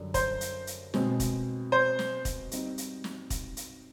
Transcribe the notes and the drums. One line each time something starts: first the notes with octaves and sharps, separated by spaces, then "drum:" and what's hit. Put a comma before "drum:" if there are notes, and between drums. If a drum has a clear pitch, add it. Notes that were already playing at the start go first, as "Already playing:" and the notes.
Already playing: F#2 D3 G3
C5, drum: kick, hi-hat
drum: hi-hat
drum: hi-hat
B2 G#3 C4, drum: snare
drum: kick, hi-hat
C5
drum: snare
drum: kick, hi-hat
G3 C4 D#4, drum: hi-hat
drum: hi-hat
drum: snare
drum: kick, hi-hat
drum: hi-hat